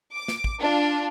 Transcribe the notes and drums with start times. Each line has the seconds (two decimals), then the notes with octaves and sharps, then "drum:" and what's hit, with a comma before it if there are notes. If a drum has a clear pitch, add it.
0.13 D6
0.28 drum: snare
0.44 drum: kick
0.59 D4 F4